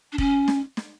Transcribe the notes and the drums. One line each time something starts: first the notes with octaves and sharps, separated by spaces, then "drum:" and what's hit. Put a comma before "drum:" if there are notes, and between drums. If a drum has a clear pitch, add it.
D4
C#4, drum: kick
drum: snare
drum: snare